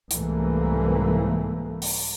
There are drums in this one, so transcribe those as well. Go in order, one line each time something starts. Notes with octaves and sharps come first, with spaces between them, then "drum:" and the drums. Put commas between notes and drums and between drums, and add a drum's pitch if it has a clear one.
C2 G#2 E3 A3 A#3, drum: hi-hat
drum: open hi-hat